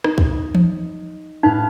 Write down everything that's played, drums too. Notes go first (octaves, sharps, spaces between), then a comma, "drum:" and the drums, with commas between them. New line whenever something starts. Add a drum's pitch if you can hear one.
D#4, drum: rim click
drum: kick
drum: tom E3
A2 D#4 B4 F5